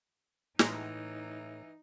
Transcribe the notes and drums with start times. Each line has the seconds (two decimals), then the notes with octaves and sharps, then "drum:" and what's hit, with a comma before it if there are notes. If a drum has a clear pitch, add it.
0.59 A2 E3 G#3 D#4 A#5, drum: snare